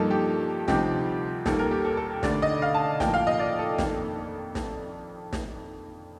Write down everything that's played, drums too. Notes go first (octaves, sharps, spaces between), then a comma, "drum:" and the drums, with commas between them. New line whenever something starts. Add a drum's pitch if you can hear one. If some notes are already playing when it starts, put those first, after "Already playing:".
Already playing: G2 F3 A#3 D#4 A4
G4
D2 C3 F3 C4 D#4 G4, drum: snare
D#2 D#3 G3 A#3 A4, drum: snare
A#4
G4
A4
A4
D2 D3 A3 D4 D5, drum: snare
D#5
F5
A5
A2 F3 A#3 G5, drum: snare
F5
D#5
D5
A4
F2 D#3 A#3 D4, drum: snare
drum: snare
drum: snare